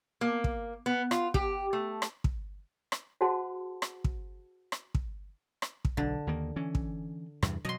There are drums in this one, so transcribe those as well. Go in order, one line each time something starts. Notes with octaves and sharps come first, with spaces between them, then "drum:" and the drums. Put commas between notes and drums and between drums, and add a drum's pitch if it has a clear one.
A#3
drum: kick
B3
F4, drum: rim click
G4, drum: kick
A3
drum: rim click
drum: kick
drum: rim click
F#4 G#4 C5 F#5 A5 C6
drum: rim click
drum: kick
drum: rim click
drum: kick
drum: rim click
drum: kick
B1 D3
D#2 D#3 A#3
E3 C#4
drum: kick
E2 G2 C3, drum: rim click
B2 F#3 D#5 C6